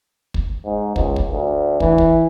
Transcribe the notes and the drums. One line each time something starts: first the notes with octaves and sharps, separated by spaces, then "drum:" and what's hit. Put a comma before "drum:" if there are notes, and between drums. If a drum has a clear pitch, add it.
drum: kick
G#2
C#2, drum: kick
drum: kick
D2
E3, drum: kick
drum: kick